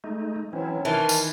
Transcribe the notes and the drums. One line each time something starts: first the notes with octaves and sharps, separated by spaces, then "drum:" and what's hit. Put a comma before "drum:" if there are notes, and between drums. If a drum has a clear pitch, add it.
G#3 A3 D#4
E3 F#3 C4 C#4 E4
D#3 E3 G#5 A5 C6 F6
drum: tambourine